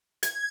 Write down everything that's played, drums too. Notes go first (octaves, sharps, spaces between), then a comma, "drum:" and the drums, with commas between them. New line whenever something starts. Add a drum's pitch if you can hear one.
G#6, drum: hi-hat